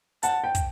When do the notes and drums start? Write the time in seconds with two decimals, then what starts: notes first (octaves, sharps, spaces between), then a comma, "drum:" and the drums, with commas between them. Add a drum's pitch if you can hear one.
0.23 F#5 A5, drum: hi-hat
0.44 G5
0.55 drum: kick, hi-hat